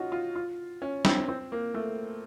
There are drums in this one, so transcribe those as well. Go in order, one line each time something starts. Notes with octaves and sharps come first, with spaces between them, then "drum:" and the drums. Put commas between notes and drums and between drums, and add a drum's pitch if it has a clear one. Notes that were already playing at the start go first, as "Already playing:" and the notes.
Already playing: C#4 D#4 F4 F#4
F4
F4
C#4
C4, drum: snare
C4
A#3
A3